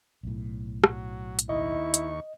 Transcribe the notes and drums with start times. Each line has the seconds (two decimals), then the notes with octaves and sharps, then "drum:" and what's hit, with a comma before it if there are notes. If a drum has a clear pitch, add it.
0.23 B1 A2
0.84 F#3, drum: rim click
1.39 drum: hi-hat
1.49 D#2 E4 D#5 C#6
1.94 drum: hi-hat